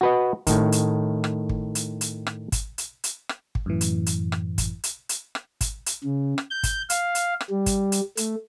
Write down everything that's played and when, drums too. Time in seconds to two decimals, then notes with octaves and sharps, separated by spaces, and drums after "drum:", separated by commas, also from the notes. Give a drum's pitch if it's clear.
0.01 F#4 B4 D#5
0.47 A2 D#3, drum: kick, hi-hat
0.72 drum: hi-hat
1.24 drum: rim click
1.49 drum: kick
1.75 drum: hi-hat
2.01 drum: hi-hat
2.27 drum: rim click
2.52 drum: kick, hi-hat
2.78 drum: hi-hat
3.04 drum: hi-hat
3.29 drum: rim click
3.55 drum: kick
3.66 F#2 A2 E3
3.81 drum: hi-hat
4.06 drum: hi-hat
4.32 drum: rim click
4.58 drum: kick, hi-hat
4.84 drum: hi-hat
5.09 drum: hi-hat
5.35 drum: rim click
5.61 drum: kick, hi-hat
5.86 drum: hi-hat
6.04 C#3
6.38 drum: rim click
6.50 G6
6.63 drum: kick, hi-hat
6.90 F5, drum: hi-hat
7.15 drum: hi-hat
7.41 drum: rim click
7.50 G3
7.66 drum: kick, hi-hat
7.92 drum: hi-hat
8.17 A3, drum: hi-hat